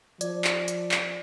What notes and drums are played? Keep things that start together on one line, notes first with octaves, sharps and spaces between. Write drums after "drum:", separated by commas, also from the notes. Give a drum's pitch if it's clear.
F3 D5, drum: hi-hat
drum: clap
drum: hi-hat
drum: clap